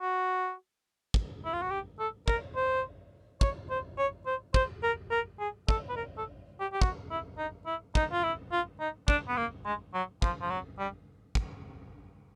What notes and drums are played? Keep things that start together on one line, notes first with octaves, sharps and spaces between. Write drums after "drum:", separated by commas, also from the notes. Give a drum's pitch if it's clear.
F#4
drum: kick
E4
F4
F#4
G4
A4
A#4, drum: kick
C5
C#5, drum: kick
C5
C#5
C5
C5, drum: kick
A#4
A#4
G#4
A4, drum: kick
B4
A#4
A4
G4
G4
F#4, drum: kick
E4
D#4
E4
D#4, drum: kick
F4
E4
F4
D#4
D4, drum: kick
B3
A#3
G#3
F#3
F3, drum: kick
F3
F#3
G3
drum: kick